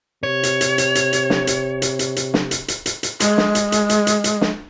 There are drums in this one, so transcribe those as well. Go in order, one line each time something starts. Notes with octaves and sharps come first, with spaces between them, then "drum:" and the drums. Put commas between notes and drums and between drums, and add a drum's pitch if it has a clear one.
C3 C#5
drum: hi-hat
drum: hi-hat
drum: hi-hat
drum: hi-hat
drum: hi-hat
drum: snare
drum: hi-hat
drum: hi-hat
drum: hi-hat
drum: hi-hat
drum: snare
drum: hi-hat
drum: hi-hat
drum: hi-hat
drum: hi-hat
G#3, drum: hi-hat
drum: snare
drum: hi-hat
drum: hi-hat
drum: hi-hat
drum: hi-hat
drum: hi-hat
drum: snare